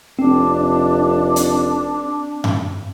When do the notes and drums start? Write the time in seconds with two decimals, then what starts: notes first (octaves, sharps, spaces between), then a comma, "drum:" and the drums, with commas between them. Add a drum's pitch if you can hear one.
0.19 F1 C4 D4
1.36 drum: hi-hat
2.44 drum: tom G2